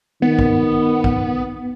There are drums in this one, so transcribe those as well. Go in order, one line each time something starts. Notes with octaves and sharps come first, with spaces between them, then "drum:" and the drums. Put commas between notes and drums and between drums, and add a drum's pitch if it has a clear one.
D#3 B3
drum: kick
drum: kick